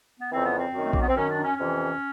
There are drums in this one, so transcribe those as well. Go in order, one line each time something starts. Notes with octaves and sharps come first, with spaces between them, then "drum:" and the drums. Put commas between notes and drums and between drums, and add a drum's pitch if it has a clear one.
B3
F2 C#3 E3 C4
B3
C4
F#2 D#3
A3
A#3, drum: kick
B3
C4
F#2 D#3 C#4
D4
C#4
F2 C3 E3 C#4